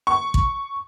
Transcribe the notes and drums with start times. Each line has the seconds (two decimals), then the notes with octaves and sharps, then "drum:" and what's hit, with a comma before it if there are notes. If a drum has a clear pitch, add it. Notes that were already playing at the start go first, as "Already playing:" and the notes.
0.07 C#6
0.34 drum: kick